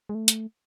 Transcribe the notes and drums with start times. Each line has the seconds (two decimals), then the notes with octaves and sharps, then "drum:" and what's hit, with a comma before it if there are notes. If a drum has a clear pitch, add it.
0.09 G#3
0.15 A3
0.28 drum: hi-hat